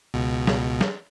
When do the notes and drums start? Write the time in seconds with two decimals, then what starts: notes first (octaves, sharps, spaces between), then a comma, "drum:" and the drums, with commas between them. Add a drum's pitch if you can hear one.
0.14 C#2 B2
0.47 drum: snare
0.81 drum: snare